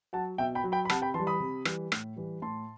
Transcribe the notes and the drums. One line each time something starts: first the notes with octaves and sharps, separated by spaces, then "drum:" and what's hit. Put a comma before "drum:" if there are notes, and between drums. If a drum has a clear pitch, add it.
F#3 F#5 A5
B2 E5 G5
G5 B5
F#3
G5 B5
B5
C3 F#5 A5, drum: rim click
G5 B5
E3 A5 C6
G3
B5 D#6
C3
E3 G3, drum: rim click
A2, drum: rim click
E3 G3
A2 A5 C6